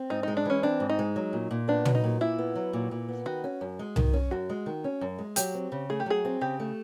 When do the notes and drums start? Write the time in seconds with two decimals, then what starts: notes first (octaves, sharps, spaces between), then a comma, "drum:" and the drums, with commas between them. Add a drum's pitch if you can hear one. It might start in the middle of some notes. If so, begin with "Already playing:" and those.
Already playing: C4
0.10 G#2 D#4
0.23 G#3 D#4
0.37 D4
0.46 E3 C#4
0.63 C4 D4
0.80 G#2
0.90 D#4
0.99 G#3
1.16 F#3
1.33 A#2
1.51 A#2
1.68 B3 D4
1.85 F#3, drum: tom
1.95 D#4
2.04 A#2
2.21 A#2 E4
2.38 B3
2.55 F#3
2.73 A#2
2.91 A#2
3.09 B3
3.26 D#3 F#4
3.44 C#4
3.61 F#2
3.79 G#3
3.96 D#3, drum: tom C2
4.13 C#4
4.31 F#2 F#4
4.49 G#3
4.66 D#3
4.84 C#4
5.01 F#2
5.18 G#3
5.36 F#3 G4, drum: hi-hat
5.54 C4
5.72 C#3
5.90 A3 G#4
6.00 G4
6.06 F#3 G#4
6.25 C4
6.41 C#3 G4
6.60 A3